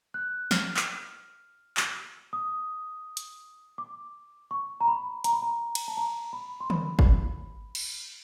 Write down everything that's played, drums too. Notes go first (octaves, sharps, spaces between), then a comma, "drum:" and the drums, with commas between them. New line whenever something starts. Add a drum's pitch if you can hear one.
F#6
F6, drum: snare
drum: clap
drum: clap
D#6
drum: hi-hat
D6
C#6
A#5
B5
A#5, drum: hi-hat
B5
A#5
drum: cymbal
A5
A#5
B5
C6
B5, drum: tom D3
drum: kick
drum: cymbal